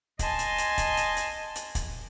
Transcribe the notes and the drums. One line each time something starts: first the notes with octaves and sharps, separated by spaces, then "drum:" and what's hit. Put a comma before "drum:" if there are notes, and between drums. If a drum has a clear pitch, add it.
D#5 G#5 A5 C6, drum: kick, hi-hat
drum: hi-hat
drum: hi-hat
drum: kick, hi-hat
drum: hi-hat
drum: hi-hat
drum: hi-hat
drum: kick, hi-hat